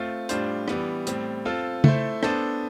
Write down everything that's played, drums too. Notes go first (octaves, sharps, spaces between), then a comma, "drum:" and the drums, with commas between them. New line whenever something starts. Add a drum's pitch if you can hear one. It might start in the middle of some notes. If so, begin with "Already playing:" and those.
Already playing: A3 C4 F4
A2 G3 D4 F4 C5, drum: hi-hat
E3 G3 B3, drum: rim click
A2 G3 C4, drum: hi-hat
C4 F4 A4
A3 E4 A4 C5, drum: tom C#3
B3 D4 A4 C5, drum: rim click